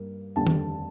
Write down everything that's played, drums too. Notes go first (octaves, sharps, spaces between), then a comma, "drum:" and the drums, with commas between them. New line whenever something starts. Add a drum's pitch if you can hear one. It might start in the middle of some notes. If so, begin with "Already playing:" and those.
Already playing: G2 A#3
F1 D#2 D3 G3 A5
drum: tom D#3